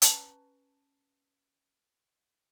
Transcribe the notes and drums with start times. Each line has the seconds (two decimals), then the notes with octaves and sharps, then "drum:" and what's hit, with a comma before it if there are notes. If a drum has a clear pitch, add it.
0.02 C#4 B4 A5 A#5, drum: hi-hat